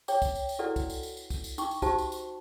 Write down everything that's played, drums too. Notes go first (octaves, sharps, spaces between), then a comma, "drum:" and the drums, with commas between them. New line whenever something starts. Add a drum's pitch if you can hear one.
C#5 G5 D6, drum: tambourine
drum: kick, tambourine
drum: tambourine
drum: tambourine
E4 F#4 A4 B4 D5 F#5
drum: kick, tambourine
drum: tambourine
drum: tambourine
drum: tambourine
drum: kick, tambourine
drum: tambourine
D#4 G5 C#6 D6, drum: tambourine
drum: tambourine
D#4 F#4 G4 C5 E5 A5, drum: kick, tambourine
drum: tambourine
drum: tambourine